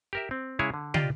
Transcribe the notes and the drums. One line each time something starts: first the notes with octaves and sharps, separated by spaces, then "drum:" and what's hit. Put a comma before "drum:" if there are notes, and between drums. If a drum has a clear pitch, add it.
G4 A#4 E5
C4
C#3 G#3 E4 G#4 C#5
D3
F4 G4 D5 D#5 F5, drum: tom